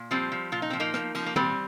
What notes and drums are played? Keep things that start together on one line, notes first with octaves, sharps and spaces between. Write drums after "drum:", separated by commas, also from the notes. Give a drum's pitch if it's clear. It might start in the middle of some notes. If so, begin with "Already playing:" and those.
Already playing: A#2
F3 G3 C4
F3
A#2 F4
D#4
F3 C4
A#3 D#4
F3, drum: rim click
F3, drum: cymbal
A#3
A#2 G3 C4, drum: tom